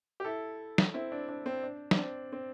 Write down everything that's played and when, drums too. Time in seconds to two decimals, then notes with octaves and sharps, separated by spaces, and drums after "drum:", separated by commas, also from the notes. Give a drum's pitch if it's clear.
0.20 G4
0.25 E4 A4
0.78 drum: snare
0.94 C4 E4
1.12 D4
1.29 D4
1.46 C4
1.63 D4
1.91 D4, drum: snare
1.98 C4
2.33 C4